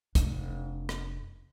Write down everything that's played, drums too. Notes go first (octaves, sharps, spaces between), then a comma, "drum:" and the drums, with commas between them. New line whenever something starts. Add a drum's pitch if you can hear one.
F1 D4, drum: kick, hi-hat
drum: rim click